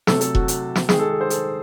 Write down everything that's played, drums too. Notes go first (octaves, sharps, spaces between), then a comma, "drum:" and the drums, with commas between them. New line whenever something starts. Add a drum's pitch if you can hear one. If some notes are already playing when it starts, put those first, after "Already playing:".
C3 F#3 A3 A4, drum: snare
A4, drum: hi-hat
F#4, drum: kick E1
drum: hi-hat
drum: snare
D#3 G#3 G#4, drum: snare
A4
A4
C5
A4, drum: hi-hat